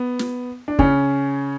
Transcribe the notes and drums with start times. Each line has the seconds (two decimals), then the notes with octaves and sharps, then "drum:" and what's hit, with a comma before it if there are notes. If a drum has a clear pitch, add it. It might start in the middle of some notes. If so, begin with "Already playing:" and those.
Already playing: B3
0.19 drum: snare
0.68 D4
0.79 C#3 C#4, drum: kick